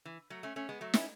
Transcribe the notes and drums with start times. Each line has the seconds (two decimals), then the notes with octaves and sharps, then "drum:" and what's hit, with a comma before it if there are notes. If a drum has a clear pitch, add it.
0.05 E3
0.30 F#3 A3
0.43 A3 C#4
0.56 A3 C#4
0.69 G#3 B3
0.81 F#3 A3
0.94 C#4 E4, drum: snare